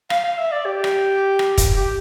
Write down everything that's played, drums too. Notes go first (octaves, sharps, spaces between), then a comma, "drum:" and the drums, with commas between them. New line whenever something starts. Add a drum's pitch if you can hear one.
F5, drum: rim click
F5
E5
D5
G4
drum: rim click
drum: rim click
drum: kick, hi-hat
G4